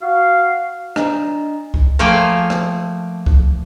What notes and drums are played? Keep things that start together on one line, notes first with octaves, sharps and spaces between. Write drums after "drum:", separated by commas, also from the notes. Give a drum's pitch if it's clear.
F#4 F5
D4 D#5 A#5, drum: rim click
drum: kick C#2
F3 A3 A#3 F5 G5 G#5
drum: rim click
drum: kick C#2